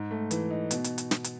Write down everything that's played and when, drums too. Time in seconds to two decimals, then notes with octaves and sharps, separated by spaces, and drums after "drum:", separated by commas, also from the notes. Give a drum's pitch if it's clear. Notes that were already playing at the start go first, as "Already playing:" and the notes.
Already playing: G#2
0.11 A3
0.31 E3, drum: hi-hat
0.51 D#4
0.71 B2, drum: hi-hat
0.84 drum: hi-hat
0.98 drum: hi-hat
1.11 drum: snare
1.24 drum: hi-hat